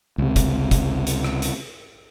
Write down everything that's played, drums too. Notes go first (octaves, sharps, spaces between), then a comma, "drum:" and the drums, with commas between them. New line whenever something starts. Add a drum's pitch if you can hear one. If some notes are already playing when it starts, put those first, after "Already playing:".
C#2 C3
drum: kick, hi-hat
drum: kick, hi-hat
drum: hi-hat
drum: rim click
drum: hi-hat